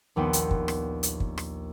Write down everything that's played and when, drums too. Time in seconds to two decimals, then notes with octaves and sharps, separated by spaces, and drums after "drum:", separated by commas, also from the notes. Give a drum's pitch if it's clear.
0.16 A#1 D#2 B3 G5 C6 C#7
0.33 drum: hi-hat
0.51 drum: kick
0.68 drum: rim click
1.03 drum: hi-hat
1.20 drum: kick
1.38 drum: rim click